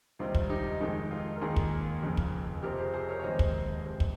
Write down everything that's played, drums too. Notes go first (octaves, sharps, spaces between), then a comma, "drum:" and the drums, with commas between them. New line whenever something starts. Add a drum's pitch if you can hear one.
C#2 C3 D#3 G3 C4 F4
drum: kick
D#4 G4
F1 F2 D#3 G#3 D#4
F4
A#4
D#2 D#3 A#3 F4 G#4
drum: kick
F1 F2 C#3
drum: kick
F1 F2 C3 F3 C4 G4 A#4
G#4 C5
G#4 C5
A#4 C#5
C#5
F1 D#2 D#3 G#3 C4 C5 D#5
drum: kick
F1 F2 C3
drum: kick